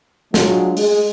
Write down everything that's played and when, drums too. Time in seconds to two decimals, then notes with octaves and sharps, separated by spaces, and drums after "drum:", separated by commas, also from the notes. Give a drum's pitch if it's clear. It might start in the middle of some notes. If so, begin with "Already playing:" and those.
0.34 F#3 G#3 D4 F4 F#4, drum: snare
0.77 G#3, drum: open hi-hat